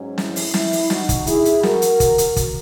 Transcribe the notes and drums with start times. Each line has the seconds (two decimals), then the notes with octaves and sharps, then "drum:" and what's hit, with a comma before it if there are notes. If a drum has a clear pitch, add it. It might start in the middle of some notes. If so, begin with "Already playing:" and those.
Already playing: G#2 F#3 C#4
0.18 E4, drum: snare
0.36 drum: open hi-hat
0.54 E4, drum: snare
0.72 drum: open hi-hat
0.90 D#4 F#4, drum: snare
1.09 drum: kick, hi-hat
1.27 E4 G#4, drum: hi-hat
1.45 drum: hi-hat
1.63 F#4 A#4, drum: snare
1.82 drum: hi-hat
2.00 drum: kick, hi-hat
2.18 drum: hi-hat
2.36 drum: kick, hi-hat